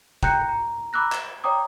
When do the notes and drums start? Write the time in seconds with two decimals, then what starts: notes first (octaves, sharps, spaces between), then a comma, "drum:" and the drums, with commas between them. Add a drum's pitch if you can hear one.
0.23 G5 A#5 F#6 G6 A#6 C#7, drum: kick
0.49 A#5
0.93 A#5 B5 D6 E6 F#6 A#6
1.12 E7, drum: clap
1.44 C#5 D5 G5 A#5 D6 D#6